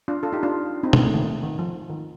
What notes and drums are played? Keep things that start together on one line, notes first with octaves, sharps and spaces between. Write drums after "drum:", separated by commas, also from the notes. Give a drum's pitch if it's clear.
D4 F4
F4 A4
D#4 G4
D4 F4
C4 D#4
A#3, drum: tom
A3
D#3
D#3
F3
D#3